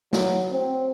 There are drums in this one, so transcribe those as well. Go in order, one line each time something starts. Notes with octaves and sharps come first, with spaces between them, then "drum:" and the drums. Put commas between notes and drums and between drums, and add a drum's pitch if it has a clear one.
F#3, drum: snare
C4